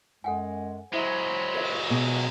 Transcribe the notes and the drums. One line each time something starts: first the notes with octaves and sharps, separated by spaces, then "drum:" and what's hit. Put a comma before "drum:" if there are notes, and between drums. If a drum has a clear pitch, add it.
F#2 G#3 A4 F#5 G#5
F#3 G#3 E4 C5 E5 A#5 B5
drum: cymbal
B2 G#4